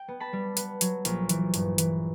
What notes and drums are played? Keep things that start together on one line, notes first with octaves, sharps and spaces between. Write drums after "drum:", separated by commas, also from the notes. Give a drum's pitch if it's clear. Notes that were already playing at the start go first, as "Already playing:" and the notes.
Already playing: G5
B3
A5 B5
G3
B3, drum: hi-hat
F#3, drum: hi-hat
A#1, drum: hi-hat
E3, drum: hi-hat
G2, drum: hi-hat
E3, drum: hi-hat